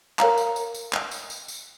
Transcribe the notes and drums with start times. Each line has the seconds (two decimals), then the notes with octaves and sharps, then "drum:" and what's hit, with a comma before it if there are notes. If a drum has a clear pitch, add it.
0.19 A#4 C#5 F5 A#5, drum: clap
0.38 drum: tambourine
0.56 drum: tambourine
0.74 drum: tambourine
0.93 drum: clap
1.11 drum: tambourine
1.30 drum: tambourine
1.48 drum: tambourine